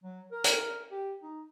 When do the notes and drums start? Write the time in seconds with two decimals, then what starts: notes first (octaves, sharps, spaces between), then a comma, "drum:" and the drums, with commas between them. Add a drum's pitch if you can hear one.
0.04 F#3
0.32 A#4
0.44 drum: hi-hat
0.91 G4
1.23 D#4